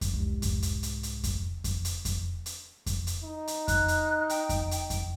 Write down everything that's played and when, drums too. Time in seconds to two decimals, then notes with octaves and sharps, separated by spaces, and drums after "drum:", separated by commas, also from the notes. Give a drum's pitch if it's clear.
0.01 drum: kick F2, hi-hat
0.14 C2 G#2
0.42 drum: kick F2, hi-hat
0.62 drum: hi-hat
0.83 drum: hi-hat
1.03 drum: hi-hat
1.23 drum: kick F2, hi-hat
1.64 drum: kick F2, hi-hat
1.85 drum: hi-hat
2.05 drum: kick F2, hi-hat
2.46 drum: hi-hat
2.86 drum: kick F2, hi-hat
3.07 drum: hi-hat
3.23 D#4
3.47 drum: hi-hat
3.68 F#6, drum: kick F2, hi-hat
3.88 drum: hi-hat
4.29 G5, drum: hi-hat
4.49 drum: kick F2, hi-hat
4.71 G5, drum: hi-hat
4.90 drum: kick F2, hi-hat